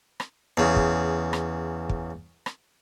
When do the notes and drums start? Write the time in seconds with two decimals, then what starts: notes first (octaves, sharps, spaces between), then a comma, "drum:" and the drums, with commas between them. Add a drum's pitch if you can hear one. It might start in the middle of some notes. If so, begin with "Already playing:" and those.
0.20 drum: rim click
0.57 E2 C#3
0.76 drum: kick
1.33 drum: rim click
1.89 drum: kick
2.46 drum: rim click